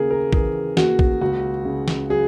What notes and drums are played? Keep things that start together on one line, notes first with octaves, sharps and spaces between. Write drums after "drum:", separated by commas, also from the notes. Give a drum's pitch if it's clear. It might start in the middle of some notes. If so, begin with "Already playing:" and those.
Already playing: D#2 C#3 G#4 A#4
A#4
E3 G#4, drum: kick
D#2 F#4, drum: snare
drum: kick
C#2 F#4
C#3
drum: snare
F#3 G#4